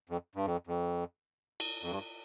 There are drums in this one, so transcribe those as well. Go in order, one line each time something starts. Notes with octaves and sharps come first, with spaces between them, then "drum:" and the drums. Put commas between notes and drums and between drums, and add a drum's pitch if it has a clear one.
F2
G2
F2
F2
drum: cymbal
F2
G2